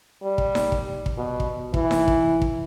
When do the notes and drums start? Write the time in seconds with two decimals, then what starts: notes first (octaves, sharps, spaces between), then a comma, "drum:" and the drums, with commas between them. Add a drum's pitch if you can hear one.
0.23 G3
0.38 drum: kick
0.55 drum: snare D#4
0.72 drum: kick
1.06 drum: kick
1.17 B2
1.40 drum: kick
1.74 E3, drum: kick
1.91 drum: snare D#4
2.08 drum: kick
2.42 drum: kick